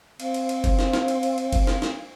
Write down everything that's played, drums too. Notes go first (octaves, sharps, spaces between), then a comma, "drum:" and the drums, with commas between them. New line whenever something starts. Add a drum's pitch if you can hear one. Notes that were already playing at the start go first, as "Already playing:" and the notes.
C4 F5, drum: cymbal
drum: cymbal
drum: cymbal
drum: kick F#1, cymbal
drum: snare
drum: snare
drum: cymbal
drum: cymbal
drum: cymbal
drum: kick F#1, cymbal
drum: snare
drum: snare